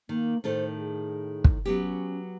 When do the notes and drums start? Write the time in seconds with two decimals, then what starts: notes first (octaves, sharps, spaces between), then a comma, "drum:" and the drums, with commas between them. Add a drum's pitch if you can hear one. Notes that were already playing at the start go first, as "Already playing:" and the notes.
0.09 D#3 A#3
0.44 A2 D#3 A4 C5
0.77 G#4
1.44 drum: kick
1.66 F#3 B3 C#4 G4